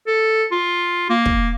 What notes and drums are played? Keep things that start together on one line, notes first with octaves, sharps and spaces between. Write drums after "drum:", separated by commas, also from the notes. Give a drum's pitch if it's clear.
A4
F4
A#3
drum: kick